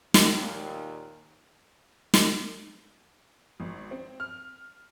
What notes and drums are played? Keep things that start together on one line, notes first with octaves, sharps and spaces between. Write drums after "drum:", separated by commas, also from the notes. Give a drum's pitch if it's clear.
D#2 A#2, drum: snare
drum: snare
G#1
C4
F6